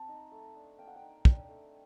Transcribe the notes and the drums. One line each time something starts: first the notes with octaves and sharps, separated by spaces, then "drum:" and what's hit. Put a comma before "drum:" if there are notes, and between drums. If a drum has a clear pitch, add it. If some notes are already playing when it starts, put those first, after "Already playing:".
Already playing: C4 A5
D#4
A3
D4
A#3 G5
F#5
G5
D#4
D4, drum: kick
A3